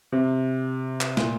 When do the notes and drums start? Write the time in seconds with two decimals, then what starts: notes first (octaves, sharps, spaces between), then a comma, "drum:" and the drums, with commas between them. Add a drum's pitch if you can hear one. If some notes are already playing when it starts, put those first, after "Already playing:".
0.12 C3
1.01 drum: clap
1.17 A#2, drum: snare